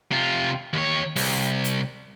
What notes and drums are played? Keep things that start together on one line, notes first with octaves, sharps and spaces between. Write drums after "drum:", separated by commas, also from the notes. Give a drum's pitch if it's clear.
C3 F4
D#2 C#5
C2, drum: open hi-hat
drum: hi-hat